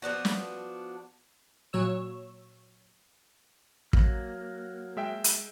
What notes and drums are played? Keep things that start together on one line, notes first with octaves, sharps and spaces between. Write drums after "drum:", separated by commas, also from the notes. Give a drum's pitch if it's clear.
F3 B3 D4 F#4
drum: snare
A#2 F#3 C#5 E6
F#3 A#3, drum: kick
G#3 E5 G5
drum: hi-hat